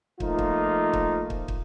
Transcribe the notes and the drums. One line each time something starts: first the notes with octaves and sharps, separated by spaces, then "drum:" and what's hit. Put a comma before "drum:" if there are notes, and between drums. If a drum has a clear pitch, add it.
F3 A3 A#3 D#4 F4, drum: kick
drum: kick
drum: kick
drum: kick
drum: kick